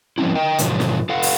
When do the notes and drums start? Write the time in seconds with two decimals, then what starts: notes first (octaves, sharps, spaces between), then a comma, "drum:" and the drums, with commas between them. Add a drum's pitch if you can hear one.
0.18 F3 G3 C4 C#4 E4
0.35 A#4 D#5 G5
0.58 G#2 B2 D3 D#3 F3 F#3, drum: hi-hat
0.80 drum: snare
1.09 F4 A4 F5 F#5
1.23 drum: open hi-hat